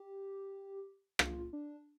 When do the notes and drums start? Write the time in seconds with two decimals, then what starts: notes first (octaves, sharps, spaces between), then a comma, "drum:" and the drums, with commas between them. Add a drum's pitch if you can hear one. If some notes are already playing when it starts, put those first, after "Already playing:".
Already playing: G4
1.19 F4, drum: rim click
1.53 D4